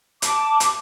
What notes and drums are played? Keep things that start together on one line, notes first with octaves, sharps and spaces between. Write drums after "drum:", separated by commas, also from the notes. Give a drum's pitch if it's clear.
A5 D6, drum: hi-hat
drum: hi-hat